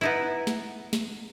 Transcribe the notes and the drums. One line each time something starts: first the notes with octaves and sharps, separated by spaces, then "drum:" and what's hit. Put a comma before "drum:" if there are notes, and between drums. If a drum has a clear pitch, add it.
B3 D#4 E4
drum: snare
drum: snare